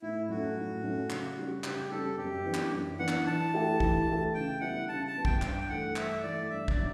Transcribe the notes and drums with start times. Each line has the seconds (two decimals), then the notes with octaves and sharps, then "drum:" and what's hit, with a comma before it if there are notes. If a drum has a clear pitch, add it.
0.02 A2 E4
0.29 F#3 C#4 E4 F#4 A4
0.56 A2
0.84 F#3 C#4 E4 A4
1.10 C#3, drum: clap
1.37 G3 C#4 G4
1.64 C#3 G4, drum: clap
1.91 G3 C#4 G4 A4
2.18 F#2 G4
2.45 E3 B3 D4
2.54 drum: clap
2.73 F#2
2.99 E3 B3 D4 F#5
3.08 drum: clap
3.26 E3 A5
3.53 A3 E4 G4
3.80 E3, drum: kick
4.07 A3 E4 G4
4.34 C#3 G5
4.61 G3 B3 E4 F#5
4.89 C#3 A5
5.07 A5
5.16 G3 B3 E4
5.25 G5, drum: kick
5.42 G2 G5, drum: clap
5.60 G5
5.69 E3 A3 F#5
5.96 G2 E5, drum: clap
6.23 E3 A3 D5
6.50 G2 E5
6.68 D5, drum: kick
6.77 F#3